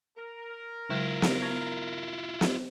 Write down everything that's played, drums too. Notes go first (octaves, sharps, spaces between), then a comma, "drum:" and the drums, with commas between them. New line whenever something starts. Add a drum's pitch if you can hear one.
A#4
C#3 F#3 G#3 E4 F4
drum: snare
B3 C#6 G#6
drum: snare